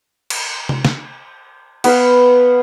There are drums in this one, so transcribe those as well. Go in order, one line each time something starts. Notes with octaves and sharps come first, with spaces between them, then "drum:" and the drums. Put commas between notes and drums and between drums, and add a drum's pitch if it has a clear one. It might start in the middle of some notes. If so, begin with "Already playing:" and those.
drum: cymbal
drum: tom C3
drum: snare
B3 B4 F5, drum: cymbal